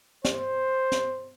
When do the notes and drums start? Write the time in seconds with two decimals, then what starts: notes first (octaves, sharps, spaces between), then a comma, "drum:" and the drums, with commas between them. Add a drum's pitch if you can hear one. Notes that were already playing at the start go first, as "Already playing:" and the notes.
0.25 C5, drum: snare
0.92 drum: snare